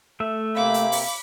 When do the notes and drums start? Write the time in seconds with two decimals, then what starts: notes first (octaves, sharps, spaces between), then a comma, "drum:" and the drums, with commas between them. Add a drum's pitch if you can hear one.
0.20 A3 E5
0.56 C3 A#3 C4 F5 B5 D6
0.74 drum: hi-hat
0.92 drum: open hi-hat